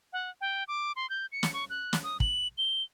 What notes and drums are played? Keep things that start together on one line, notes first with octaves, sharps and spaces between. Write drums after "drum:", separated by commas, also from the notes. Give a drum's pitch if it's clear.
F#5
G5
D6
C6
G6
C#7
drum: snare
C#6
F#6
drum: snare
D#6
F#7, drum: kick
G7